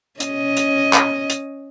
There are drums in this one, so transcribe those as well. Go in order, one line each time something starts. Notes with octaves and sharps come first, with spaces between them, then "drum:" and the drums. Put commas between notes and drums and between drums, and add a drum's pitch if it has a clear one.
C#4 D#5, drum: hi-hat
drum: hi-hat
drum: clap
drum: hi-hat